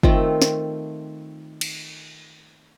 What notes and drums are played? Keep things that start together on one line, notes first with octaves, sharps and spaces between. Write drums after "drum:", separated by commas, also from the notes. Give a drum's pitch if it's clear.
D#3 A3 C4 F4, drum: kick
drum: snare
drum: cymbal